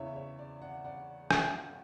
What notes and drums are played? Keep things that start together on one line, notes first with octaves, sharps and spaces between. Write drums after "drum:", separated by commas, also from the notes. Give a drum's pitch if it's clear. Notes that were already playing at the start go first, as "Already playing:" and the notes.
Already playing: E2 C#3 E3 C#5 E5
C#5
D5
D5 F#5
D5 F#5
E5 G5, drum: rim click